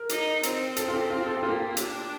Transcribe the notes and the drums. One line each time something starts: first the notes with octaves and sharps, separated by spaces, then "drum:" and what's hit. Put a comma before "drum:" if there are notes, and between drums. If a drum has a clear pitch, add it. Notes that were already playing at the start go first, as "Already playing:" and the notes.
Already playing: A#4
D#4, drum: hi-hat
C4, drum: hi-hat
A4, drum: hi-hat
F4
G4
F4
A4
G4
A#3 F4
G4
D4, drum: hi-hat